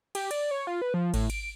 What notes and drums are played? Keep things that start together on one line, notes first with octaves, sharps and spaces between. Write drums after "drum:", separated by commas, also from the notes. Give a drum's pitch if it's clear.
G4, drum: cymbal
D5, drum: cymbal
C#5
F4
B4
F3
A2, drum: kick G#1, cymbal
D7, drum: cymbal